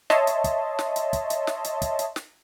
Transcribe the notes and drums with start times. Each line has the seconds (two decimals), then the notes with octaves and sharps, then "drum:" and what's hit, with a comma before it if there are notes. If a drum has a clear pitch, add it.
0.10 C#5 D#5 E5 A5 C6, drum: snare
0.27 drum: hi-hat
0.44 drum: kick, hi-hat
0.79 drum: snare
0.96 drum: hi-hat
1.13 drum: kick, hi-hat
1.30 drum: hi-hat
1.47 drum: snare
1.64 drum: hi-hat
1.82 drum: kick, hi-hat
1.99 drum: hi-hat
2.16 drum: snare